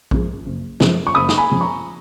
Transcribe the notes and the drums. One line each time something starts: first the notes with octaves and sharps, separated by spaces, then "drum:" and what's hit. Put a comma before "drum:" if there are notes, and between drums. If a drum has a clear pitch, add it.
F#2 F3 G#3, drum: kick
F#1
F#2 F3 G#3, drum: snare
C#6
F#1 B5 D#6
drum: snare
G#5 B5
F#2 F3 G#3
A#5 C#6